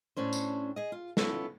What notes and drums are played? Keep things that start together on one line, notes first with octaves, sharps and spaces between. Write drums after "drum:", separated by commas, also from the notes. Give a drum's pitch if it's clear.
A2 C#4 D4 C5
drum: tambourine
G#4 D#5
F4
B3 C#4 E4 F4 A4 A#4, drum: snare